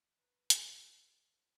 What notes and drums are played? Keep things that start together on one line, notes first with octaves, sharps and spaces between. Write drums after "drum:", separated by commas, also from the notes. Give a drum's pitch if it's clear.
B4 A#5
drum: hi-hat